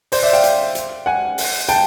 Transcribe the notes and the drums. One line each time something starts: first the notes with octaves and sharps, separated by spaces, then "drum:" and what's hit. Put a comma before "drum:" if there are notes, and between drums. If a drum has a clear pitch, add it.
C5 D5, drum: open hi-hat
D5 E5
F5 G5
drum: hi-hat
drum: hi-hat
F#5 G#5
drum: open hi-hat
G5 A5, drum: hi-hat